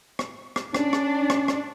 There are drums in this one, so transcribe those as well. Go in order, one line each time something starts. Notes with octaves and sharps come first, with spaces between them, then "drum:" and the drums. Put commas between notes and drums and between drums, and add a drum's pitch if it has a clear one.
drum: rim click
drum: rim click
C#4 D4, drum: rim click
drum: rim click
drum: rim click
drum: rim click